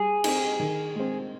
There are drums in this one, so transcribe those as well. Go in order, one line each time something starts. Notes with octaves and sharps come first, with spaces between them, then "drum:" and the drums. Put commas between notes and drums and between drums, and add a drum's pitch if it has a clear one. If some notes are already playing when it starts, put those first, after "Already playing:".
Already playing: G3 G#4
C4 D#4, drum: cymbal
D#3
G#3 C4